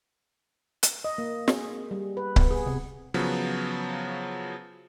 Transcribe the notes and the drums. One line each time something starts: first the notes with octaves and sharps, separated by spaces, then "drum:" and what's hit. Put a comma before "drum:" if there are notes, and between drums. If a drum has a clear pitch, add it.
drum: hi-hat
D#5
A#3
G#4, drum: snare
G3
B4
B3, drum: kick C#1
G#4
C3
C#3 F3 F#3 B3